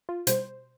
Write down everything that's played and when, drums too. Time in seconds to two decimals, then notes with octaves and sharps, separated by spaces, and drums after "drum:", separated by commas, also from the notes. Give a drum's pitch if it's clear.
0.09 F4
0.27 B2 G3 C5, drum: hi-hat